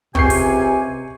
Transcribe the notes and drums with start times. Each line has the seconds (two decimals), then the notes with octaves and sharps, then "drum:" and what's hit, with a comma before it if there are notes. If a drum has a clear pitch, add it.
0.15 C#2 C3 C4 G#5 C#6 G6 C7, drum: kick
0.30 drum: open hi-hat